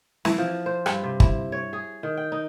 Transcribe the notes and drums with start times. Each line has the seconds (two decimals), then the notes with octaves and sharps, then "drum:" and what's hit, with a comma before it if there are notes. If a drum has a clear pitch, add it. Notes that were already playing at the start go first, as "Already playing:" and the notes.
0.25 E3, drum: snare
0.38 F3
0.66 C5
0.86 G2, drum: rim click
1.03 C3
1.20 E4, drum: kick G1
1.52 C#5
1.73 G#4
2.03 D#3
2.17 G5
2.32 D#4